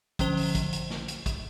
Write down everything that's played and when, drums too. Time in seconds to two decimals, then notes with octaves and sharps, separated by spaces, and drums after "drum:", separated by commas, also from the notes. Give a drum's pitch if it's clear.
0.19 D3 F3 C#4 C5 G7, drum: kick, hi-hat
0.37 drum: open hi-hat
0.55 drum: kick, hi-hat
0.73 drum: hi-hat
0.90 drum: snare
1.08 drum: hi-hat
1.26 drum: kick, hi-hat